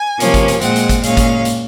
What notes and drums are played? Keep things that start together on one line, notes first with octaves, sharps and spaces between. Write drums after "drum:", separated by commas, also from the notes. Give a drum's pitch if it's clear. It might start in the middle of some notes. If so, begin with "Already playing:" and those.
Already playing: G#5
C3 F3 A#3 C#4, drum: hi-hat
drum: kick G#1, hi-hat
drum: hi-hat
A#2 G#3 C4 F#5, drum: hi-hat
drum: hi-hat
drum: kick G#1, hi-hat
A#2 G#3 C#4 F5, drum: hi-hat
drum: kick G#1, hi-hat
drum: hi-hat